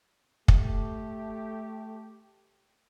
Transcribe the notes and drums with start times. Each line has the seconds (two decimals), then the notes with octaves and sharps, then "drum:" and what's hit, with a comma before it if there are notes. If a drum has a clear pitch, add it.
0.48 A3 G4, drum: kick